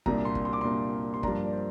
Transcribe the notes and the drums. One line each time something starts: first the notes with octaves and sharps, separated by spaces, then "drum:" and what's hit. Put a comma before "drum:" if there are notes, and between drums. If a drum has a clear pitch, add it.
C2 A#2 A#3 D4 A#5, drum: kick
C6
drum: kick
C6
D6
C2 A#2 A#3 D4 C6
C6
G2 F3 A#3 D4 A#5, drum: kick
D5
C5